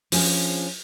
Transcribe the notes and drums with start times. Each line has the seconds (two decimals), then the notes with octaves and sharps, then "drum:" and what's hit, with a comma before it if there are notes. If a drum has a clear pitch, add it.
0.12 F3 C#4 D4 G#4, drum: open hi-hat